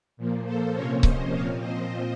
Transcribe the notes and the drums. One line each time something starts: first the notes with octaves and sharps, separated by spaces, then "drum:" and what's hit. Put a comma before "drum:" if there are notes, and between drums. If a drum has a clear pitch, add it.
A#2 F3 A#3
A4 C5
C3 F3 A#3 C#4 A#4 C#5
C5 D#5, drum: kick C#1
A#2 F3 C4 C#5 F5
C5 D#5